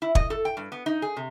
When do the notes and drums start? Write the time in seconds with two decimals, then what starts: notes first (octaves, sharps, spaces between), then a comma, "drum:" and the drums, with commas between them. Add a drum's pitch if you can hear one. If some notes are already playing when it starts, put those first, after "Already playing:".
0.02 E4
0.15 D#5, drum: kick
0.30 A4
0.45 G5
0.57 G2
0.72 B3
0.86 D#4
1.02 G#4
1.17 C3